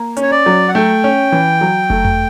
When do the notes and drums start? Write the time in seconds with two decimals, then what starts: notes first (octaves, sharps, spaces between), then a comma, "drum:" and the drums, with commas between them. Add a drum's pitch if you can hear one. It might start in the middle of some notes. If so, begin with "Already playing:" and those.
Already playing: A#3
0.17 C#4, drum: hi-hat
0.22 C#5
0.31 D5
0.46 F#3
0.69 F#5
0.75 A3 G5
1.04 C#4
1.32 E3
1.61 F#3
1.90 A3, drum: kick F#1
2.05 drum: tom F2